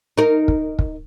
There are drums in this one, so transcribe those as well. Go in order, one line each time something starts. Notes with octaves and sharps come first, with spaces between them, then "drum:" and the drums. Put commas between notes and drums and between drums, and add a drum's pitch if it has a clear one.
D#4 A#4
drum: kick
drum: kick